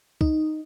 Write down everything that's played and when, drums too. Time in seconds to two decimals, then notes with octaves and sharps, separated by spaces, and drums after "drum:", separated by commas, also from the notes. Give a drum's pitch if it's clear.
0.21 D#4, drum: kick